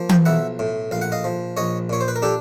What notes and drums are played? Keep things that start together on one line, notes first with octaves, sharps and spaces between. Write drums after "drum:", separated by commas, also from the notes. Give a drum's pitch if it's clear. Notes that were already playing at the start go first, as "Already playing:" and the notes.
Already playing: F3 A#3
F5 G5, drum: tom E3
B1 E5 F#5
A2
A#1 F5
F#5
D#5 F5
F3
A#1 C#5 D#5
A#2 C#5
C5
B4
A#4
D4 G4 A4